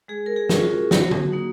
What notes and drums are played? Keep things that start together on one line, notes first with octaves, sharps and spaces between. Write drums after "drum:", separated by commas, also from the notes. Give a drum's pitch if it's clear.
G#3 G#4
A#4
G#4
C#4 F4, drum: snare
F#4
F#3 F#4, drum: snare
drum: tom D3
A#3 D#4